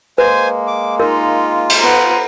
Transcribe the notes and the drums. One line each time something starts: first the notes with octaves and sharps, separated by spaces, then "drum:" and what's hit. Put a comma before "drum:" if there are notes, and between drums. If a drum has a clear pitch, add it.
G#3 A#3 B4 C5 G#5
D6
D#4 F4 A#4
drum: cymbal
B3 A#5